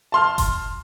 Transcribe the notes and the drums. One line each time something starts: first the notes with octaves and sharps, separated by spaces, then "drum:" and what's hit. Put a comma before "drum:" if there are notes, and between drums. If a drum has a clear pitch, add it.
A5 C6 F6
drum: kick F#1, hi-hat